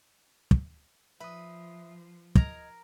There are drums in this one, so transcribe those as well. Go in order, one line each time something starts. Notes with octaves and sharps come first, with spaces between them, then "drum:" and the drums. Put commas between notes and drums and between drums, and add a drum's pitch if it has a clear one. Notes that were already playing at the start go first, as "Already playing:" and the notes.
drum: kick
F3 B4 E5 D#6
A#4 D#5 A#5 G#6, drum: kick